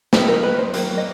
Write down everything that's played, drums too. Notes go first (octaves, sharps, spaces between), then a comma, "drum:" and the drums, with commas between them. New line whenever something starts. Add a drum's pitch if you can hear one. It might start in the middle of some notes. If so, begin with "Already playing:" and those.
D#3 F#3 B3 D#4 A4, drum: snare
A#4
B4
C5
D#3 F#3 A#3, drum: hi-hat
D#5